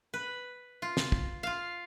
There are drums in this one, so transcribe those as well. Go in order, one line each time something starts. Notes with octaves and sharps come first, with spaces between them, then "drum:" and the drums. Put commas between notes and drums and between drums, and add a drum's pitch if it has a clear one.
B4
F4
drum: snare
drum: kick
F4 F5